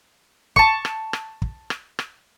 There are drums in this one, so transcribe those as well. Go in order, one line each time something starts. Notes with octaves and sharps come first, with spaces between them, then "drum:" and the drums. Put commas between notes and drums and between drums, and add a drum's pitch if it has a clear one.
A5 C#6, drum: kick
drum: rim click
drum: rim click
drum: kick
drum: rim click
drum: rim click